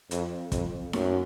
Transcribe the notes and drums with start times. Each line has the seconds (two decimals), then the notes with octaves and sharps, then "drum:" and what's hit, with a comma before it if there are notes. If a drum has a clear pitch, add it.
0.11 F2, drum: hi-hat
0.52 F2, drum: kick, hi-hat
0.93 F#2, drum: snare D#4